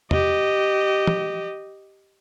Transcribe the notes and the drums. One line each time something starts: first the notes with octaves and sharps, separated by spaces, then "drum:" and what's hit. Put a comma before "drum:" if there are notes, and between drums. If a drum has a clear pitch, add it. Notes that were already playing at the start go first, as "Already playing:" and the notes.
G4 D#5, drum: tom E2
drum: tom